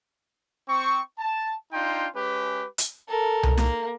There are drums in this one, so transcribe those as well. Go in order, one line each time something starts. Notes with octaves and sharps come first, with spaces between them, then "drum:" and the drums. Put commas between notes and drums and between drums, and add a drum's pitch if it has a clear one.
C4 C#6
A5
D4 D#4 F4 G5 C6
G#3 C#4 G4 B4
drum: hi-hat
A4 A#4
drum: tom C2
A#3, drum: snare